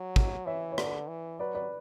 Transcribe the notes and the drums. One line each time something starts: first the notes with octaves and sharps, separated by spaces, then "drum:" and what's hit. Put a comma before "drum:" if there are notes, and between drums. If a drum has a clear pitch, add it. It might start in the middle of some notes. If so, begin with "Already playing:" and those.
Already playing: F#3
drum: kick
E3 C#5 E5
C#5
D3 B4 D5, drum: rim click
E3
F#3 B4 D5
B4 D5